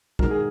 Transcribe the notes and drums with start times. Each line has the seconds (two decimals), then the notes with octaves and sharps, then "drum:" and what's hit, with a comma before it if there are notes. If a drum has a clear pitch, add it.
0.19 D#3 G#3 F#4 A#4, drum: kick
0.31 G#4